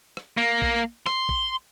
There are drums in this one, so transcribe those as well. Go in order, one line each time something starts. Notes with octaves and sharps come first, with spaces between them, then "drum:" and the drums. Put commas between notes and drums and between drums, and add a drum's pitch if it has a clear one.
drum: rim click
A#3
drum: kick
C6, drum: rim click
drum: kick